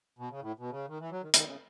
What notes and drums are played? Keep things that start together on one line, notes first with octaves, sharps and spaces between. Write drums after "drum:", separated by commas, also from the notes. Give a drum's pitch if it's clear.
B2
C#3
A2
B2
C#3
D#3
E3
F#3
D#3
D#3, drum: hi-hat
C#3